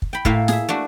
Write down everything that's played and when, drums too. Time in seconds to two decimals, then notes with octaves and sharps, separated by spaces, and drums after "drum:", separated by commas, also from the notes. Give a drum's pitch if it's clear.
0.02 drum: kick
0.13 G5 B5
0.25 A2 A3 A#3 E5 F5, drum: kick
0.48 G#4 E5, drum: snare
0.69 A3 D4 F#4